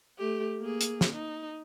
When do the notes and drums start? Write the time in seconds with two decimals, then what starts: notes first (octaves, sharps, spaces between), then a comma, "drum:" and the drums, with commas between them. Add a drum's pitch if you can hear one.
0.19 A3 G4
0.60 A#3 G#4
0.81 drum: hi-hat
1.01 drum: snare
1.13 D#4